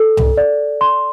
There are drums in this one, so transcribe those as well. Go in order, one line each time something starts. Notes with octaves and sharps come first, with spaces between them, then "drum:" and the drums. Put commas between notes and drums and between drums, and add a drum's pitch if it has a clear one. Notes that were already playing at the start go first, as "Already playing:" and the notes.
Already playing: A4
drum: tom C2
D5
C6